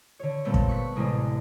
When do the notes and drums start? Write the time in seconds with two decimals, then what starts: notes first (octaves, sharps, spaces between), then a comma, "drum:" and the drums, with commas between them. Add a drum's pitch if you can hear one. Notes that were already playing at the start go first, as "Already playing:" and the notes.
0.19 D3 C#5
0.45 A#2 G3 A3 B3 C4
0.54 drum: kick
0.69 C#6 F#6 B6
0.95 A1 D2 A2 C3 G#3